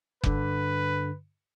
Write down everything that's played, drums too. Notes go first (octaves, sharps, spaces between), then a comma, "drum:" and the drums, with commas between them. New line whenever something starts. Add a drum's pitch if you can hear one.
G2 D3 B4, drum: kick F1